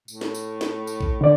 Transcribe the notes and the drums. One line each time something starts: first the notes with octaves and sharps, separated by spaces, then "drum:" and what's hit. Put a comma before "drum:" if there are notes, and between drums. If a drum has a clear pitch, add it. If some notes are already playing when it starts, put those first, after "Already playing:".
A2, drum: tambourine
drum: snare
drum: tambourine
drum: snare
drum: tambourine
drum: kick A#1
D3 D5